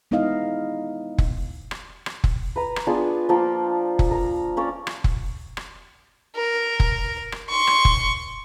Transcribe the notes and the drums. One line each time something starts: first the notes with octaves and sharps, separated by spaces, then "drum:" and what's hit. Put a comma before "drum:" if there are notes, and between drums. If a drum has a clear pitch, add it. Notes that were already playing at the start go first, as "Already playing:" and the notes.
G#3 B3 D#4 E4 D#5 F5
drum: kick F1
drum: rim click
drum: rim click
drum: kick F1
B4 A#5
drum: rim click
B3 D4 F4 G#4
F3 A#3 G5 A5
drum: kick F1
A#4 A#5
A#3 C#4 C#5 D5
drum: rim click
drum: kick F1
drum: rim click
A#4
drum: kick F1
drum: rim click
C6 C#6
drum: rim click
drum: kick F1